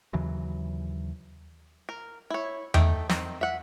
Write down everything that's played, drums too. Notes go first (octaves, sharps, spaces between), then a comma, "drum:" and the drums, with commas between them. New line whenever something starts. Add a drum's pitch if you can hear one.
D#2 C#3 E3 F#3
A#4
E4 C#5
A3 D#4 G5, drum: tom E2
D#3 C4, drum: snare
E5 F#5